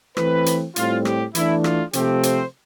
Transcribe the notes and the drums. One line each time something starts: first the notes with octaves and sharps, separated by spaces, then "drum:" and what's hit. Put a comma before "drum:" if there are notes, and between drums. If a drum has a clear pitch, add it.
E3 A3 C4 B4, drum: rim click
drum: hi-hat
A2 G3 C4 F4, drum: hi-hat
G4, drum: rim click
E3 A3 D4 E4, drum: hi-hat
F4, drum: rim click
C3 F3 A3 C4 G4, drum: hi-hat
C5, drum: hi-hat